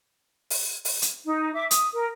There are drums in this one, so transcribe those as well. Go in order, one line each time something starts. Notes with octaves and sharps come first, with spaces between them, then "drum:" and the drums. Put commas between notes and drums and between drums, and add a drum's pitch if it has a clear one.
drum: open hi-hat
drum: open hi-hat
drum: hi-hat
D#4
E5 D6
D#6, drum: hi-hat
A#4